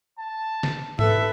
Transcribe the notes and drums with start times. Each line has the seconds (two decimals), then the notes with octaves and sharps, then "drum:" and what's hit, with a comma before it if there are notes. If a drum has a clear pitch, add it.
0.18 A5
0.63 drum: snare
0.99 A4 B4 E5, drum: tom G#2